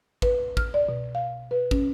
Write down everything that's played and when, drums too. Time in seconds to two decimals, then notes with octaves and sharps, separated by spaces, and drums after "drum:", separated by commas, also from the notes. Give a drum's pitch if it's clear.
0.22 B4, drum: kick
0.57 F6, drum: kick
0.74 D5
0.89 B2
1.15 F5
1.51 B4
1.71 C#4, drum: kick